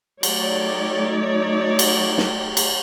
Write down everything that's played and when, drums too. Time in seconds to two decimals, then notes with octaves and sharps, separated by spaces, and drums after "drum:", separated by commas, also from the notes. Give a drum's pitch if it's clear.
0.23 F#3 A3 D#4 C#5 D5, drum: cymbal
1.79 drum: cymbal
2.18 drum: snare
2.57 drum: cymbal